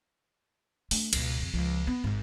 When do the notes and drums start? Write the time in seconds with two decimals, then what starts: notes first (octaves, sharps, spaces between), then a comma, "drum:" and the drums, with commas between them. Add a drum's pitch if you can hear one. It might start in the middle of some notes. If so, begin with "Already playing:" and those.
0.91 A3 D4, drum: open hi-hat
1.13 C#2 B2, drum: cymbal
1.39 F2 C#3
1.54 C#2 F3
1.87 B3
2.04 G#1 G#2